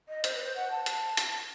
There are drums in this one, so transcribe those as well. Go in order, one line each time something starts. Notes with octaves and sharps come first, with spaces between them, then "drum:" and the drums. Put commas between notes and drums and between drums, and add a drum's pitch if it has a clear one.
D#5
C5, drum: hi-hat
B4
C5
F#5
A5
drum: hi-hat
drum: hi-hat